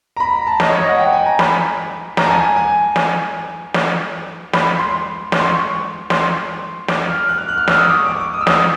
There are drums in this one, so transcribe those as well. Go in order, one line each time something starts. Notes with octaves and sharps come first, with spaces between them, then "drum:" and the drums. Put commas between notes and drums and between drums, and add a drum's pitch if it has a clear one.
A#5
B5
A#5
A5
D#5, drum: snare
C#5
D#5
F#5
G5
G#5
A#5
B5, drum: snare
A#5, drum: snare
A5
G#5
G#5
drum: snare
drum: snare
B5, drum: snare
C6
C#6, drum: snare
C6
C#6
C6, drum: snare
D6, drum: snare
F6
F#6
F6
F#6
F6
E6, drum: snare
D#6
D6
C#6
D6
D6
D#6
E6
D#6, drum: snare